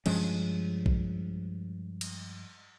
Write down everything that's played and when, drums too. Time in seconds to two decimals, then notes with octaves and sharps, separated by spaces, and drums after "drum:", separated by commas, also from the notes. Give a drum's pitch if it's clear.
0.06 G2 F3 G#3 C#4, drum: cymbal
0.86 drum: kick
2.01 drum: cymbal